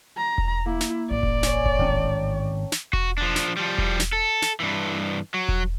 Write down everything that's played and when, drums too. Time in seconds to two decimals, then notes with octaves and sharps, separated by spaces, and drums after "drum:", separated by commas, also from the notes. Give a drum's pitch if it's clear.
0.18 A#5
0.38 drum: kick E1
0.66 A#3 E4
0.81 drum: snare
1.11 A1 D5
1.23 drum: kick E1
1.43 C#5 G#5, drum: snare
1.66 drum: kick E1
1.79 G#1 C#4 G5 A5
2.72 drum: snare
2.93 F#4, drum: kick E1
3.18 F3 D4
3.36 drum: snare
3.57 F3 G3
3.78 drum: kick E1
4.00 drum: snare
4.13 A4
4.42 drum: snare
4.60 G2 E3
5.34 F#3
5.49 drum: kick E1